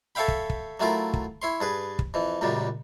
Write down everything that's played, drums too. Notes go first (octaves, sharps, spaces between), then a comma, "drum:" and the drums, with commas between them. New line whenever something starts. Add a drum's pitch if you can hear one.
A4 C#5 E5 F5 G5 B5
drum: kick
drum: kick
F#3 A3 E4 F4 A#4
drum: kick
E4 C#5 C6
G2 G#4 B4
drum: kick
F2 E3
C#2 F#2 A#2 C#3 G3